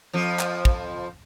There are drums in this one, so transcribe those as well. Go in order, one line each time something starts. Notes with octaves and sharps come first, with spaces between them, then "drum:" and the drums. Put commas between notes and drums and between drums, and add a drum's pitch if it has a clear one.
F2 F3
drum: clap
drum: kick